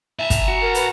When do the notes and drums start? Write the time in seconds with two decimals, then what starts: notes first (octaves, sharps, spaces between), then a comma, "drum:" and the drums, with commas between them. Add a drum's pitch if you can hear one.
0.19 E5 A5 A#5
0.30 drum: kick, hi-hat
0.48 F#4
0.61 A#4
0.74 B4, drum: hi-hat